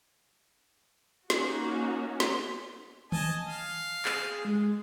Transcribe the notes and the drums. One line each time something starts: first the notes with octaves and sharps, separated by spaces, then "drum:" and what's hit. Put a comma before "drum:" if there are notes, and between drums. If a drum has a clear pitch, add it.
A#3 C#4 D#4 F#4, drum: snare
drum: snare
D#5 G#5 A5, drum: tom D#3
F5
G#4, drum: clap
G#3